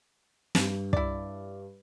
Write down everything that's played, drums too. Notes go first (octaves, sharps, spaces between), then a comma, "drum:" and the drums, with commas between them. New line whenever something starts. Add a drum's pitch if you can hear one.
G2, drum: snare
E4 D5, drum: kick